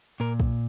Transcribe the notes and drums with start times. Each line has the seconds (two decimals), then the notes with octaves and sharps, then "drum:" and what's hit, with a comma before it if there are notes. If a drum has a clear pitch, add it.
0.20 A#2 A#4
0.40 drum: kick